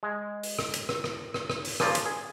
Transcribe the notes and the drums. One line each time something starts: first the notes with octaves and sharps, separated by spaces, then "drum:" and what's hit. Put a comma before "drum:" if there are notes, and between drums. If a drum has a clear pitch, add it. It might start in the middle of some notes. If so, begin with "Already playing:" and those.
G#3
drum: open hi-hat
drum: rim click
drum: hi-hat
drum: rim click
drum: rim click
drum: rim click
drum: rim click
drum: open hi-hat
G2 C#3 F3 A#3 F4, drum: rim click
drum: hi-hat
G#4